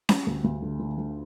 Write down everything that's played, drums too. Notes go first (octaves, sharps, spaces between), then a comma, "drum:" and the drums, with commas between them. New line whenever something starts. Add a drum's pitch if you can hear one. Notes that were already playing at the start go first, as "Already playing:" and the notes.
G3, drum: snare C#4
D2
D2
D3
D3
D3